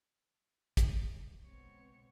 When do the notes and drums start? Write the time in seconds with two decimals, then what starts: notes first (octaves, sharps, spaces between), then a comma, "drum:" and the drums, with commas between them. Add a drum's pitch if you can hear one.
0.77 C2 B2, drum: kick, hi-hat
1.44 C#2 B2 B3 C4 C#5